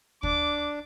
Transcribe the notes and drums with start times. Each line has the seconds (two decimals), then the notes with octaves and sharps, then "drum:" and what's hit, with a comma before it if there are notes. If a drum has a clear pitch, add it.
0.23 D4 D6, drum: kick